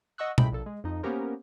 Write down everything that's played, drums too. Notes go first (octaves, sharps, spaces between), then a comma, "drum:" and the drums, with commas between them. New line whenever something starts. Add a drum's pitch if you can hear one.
D#5 F#5 C#6 E6 F#6
C#2 A2 G#3 G5 B5, drum: tom B2
A#1 A4
G#3
F2 D#4
A#3 B3 C#4 G4 A#4 C5